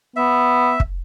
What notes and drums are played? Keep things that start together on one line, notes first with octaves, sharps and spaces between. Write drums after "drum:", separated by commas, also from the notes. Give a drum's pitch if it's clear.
B3 E5
drum: kick